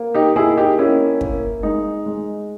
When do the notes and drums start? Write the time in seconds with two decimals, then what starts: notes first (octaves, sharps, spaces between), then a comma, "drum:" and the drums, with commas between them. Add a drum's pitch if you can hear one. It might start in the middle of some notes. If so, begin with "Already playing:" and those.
Already playing: A#3
0.15 D#4 G4
0.36 A#3 E4 G#4
0.57 D#4 G4
0.79 A#3 C#4 E4
1.21 A#3, drum: kick
1.63 G#3 D#4
2.06 G#3